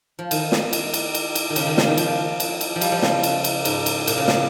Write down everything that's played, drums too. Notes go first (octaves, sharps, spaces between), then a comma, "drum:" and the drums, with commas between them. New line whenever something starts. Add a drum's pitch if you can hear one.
F3
D#3, drum: cymbal
drum: snare
drum: cymbal
drum: cymbal
drum: cymbal
drum: cymbal
D#3
C#3, drum: cymbal
D#3
C#3, drum: snare
D#3
F3, drum: cymbal
drum: cymbal
drum: cymbal
F3
G3, drum: cymbal
F3
C#3, drum: snare
drum: cymbal
drum: cymbal
G#2, drum: cymbal
drum: cymbal
A#2, drum: cymbal
C#3
C#3, drum: snare